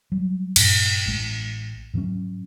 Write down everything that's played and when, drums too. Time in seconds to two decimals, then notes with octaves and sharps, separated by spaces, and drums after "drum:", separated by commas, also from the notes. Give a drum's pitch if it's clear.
0.12 F#3 G3
0.56 G2 A#2, drum: cymbal
1.06 A1 G#3
1.94 G#2 F3 F#3 C#4